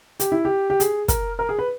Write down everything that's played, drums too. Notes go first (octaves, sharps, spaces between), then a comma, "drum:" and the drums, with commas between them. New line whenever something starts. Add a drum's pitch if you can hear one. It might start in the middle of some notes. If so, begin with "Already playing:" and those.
G4, drum: hi-hat
E4
G4
G4
G#4, drum: hi-hat
A#4, drum: kick, hi-hat
A#4
G#4
B4